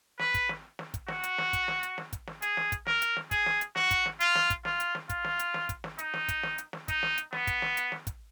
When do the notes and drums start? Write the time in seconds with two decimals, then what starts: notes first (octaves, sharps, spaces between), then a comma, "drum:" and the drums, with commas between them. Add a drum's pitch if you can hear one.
0.19 B4, drum: snare
0.34 drum: kick, hi-hat
0.49 drum: snare
0.79 drum: snare
0.94 drum: kick, hi-hat
1.08 F#4, drum: snare
1.23 drum: hi-hat
1.38 drum: snare
1.53 drum: kick, hi-hat
1.68 drum: snare
1.83 drum: hi-hat
1.98 drum: snare
2.13 drum: kick, hi-hat
2.27 drum: snare
2.42 G#4, drum: hi-hat
2.57 drum: snare
2.72 drum: kick, hi-hat
2.87 A#4, drum: snare
3.02 drum: hi-hat
3.17 drum: snare
3.31 G#4, drum: kick, hi-hat
3.46 drum: snare
3.61 drum: hi-hat
3.76 F#4, drum: snare
3.91 drum: kick, hi-hat
4.06 drum: snare
4.20 F4, drum: hi-hat
4.35 drum: snare
4.50 drum: kick, hi-hat
4.65 F4, drum: snare
4.80 drum: hi-hat
4.95 drum: snare
5.09 F4, drum: kick, hi-hat
5.24 drum: snare
5.39 drum: hi-hat
5.54 drum: snare
5.69 drum: kick, hi-hat
5.84 drum: snare
5.99 D#4, drum: hi-hat
6.14 drum: snare
6.28 drum: kick, hi-hat
6.43 drum: snare
6.58 drum: hi-hat
6.73 drum: snare
6.88 D#4, drum: kick, hi-hat
7.03 drum: snare
7.18 drum: hi-hat
7.33 B3, drum: snare
7.47 drum: kick, hi-hat
7.62 drum: snare
7.77 drum: hi-hat
7.92 drum: snare
8.07 drum: kick, hi-hat